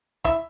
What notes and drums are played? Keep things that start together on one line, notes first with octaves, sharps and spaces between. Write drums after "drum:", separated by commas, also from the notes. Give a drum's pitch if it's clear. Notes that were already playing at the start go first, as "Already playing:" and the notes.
E4 E5, drum: kick, hi-hat